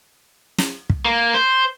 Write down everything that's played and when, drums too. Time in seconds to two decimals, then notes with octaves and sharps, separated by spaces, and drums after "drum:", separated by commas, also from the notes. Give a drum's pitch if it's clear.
0.58 drum: snare
0.90 drum: kick
1.05 A#3
1.34 C5